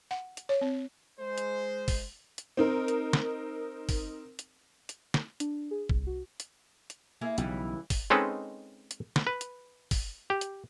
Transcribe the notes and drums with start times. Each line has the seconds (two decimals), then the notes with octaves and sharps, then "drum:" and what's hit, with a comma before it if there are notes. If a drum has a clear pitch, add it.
0.11 F#5
0.37 drum: hi-hat
0.49 C#5
0.61 C4
1.19 G#3 C5
1.38 drum: hi-hat
1.88 drum: kick, open hi-hat
2.38 drum: hi-hat
2.57 C4 D#4 A#4
2.88 drum: hi-hat
3.13 drum: snare
3.89 drum: kick, open hi-hat
4.39 drum: hi-hat
4.89 drum: hi-hat
5.14 drum: snare
5.40 D4, drum: hi-hat
5.71 G#4
5.89 C2, drum: kick
6.07 F#4
6.40 drum: hi-hat
6.90 drum: hi-hat
7.21 A#3 E4 G#4
7.38 B1 C#3 E3 G3, drum: hi-hat
7.90 drum: kick, open hi-hat
8.10 G#3 C4 C#4 D#4 A4 B4
8.91 drum: hi-hat
9.16 drum: snare
9.27 B4
9.41 drum: hi-hat
9.91 drum: kick, open hi-hat
10.30 G4
10.41 drum: hi-hat